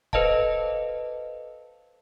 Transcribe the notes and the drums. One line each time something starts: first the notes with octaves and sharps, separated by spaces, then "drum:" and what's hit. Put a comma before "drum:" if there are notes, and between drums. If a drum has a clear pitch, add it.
A4 B4 C5 D#5 F5 A5, drum: kick